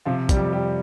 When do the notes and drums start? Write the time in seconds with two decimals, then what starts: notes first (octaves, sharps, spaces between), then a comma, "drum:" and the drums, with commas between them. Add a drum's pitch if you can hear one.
0.05 C3 F3 F4
0.29 G3 G4, drum: kick, hi-hat
0.37 F2
0.53 G3 G4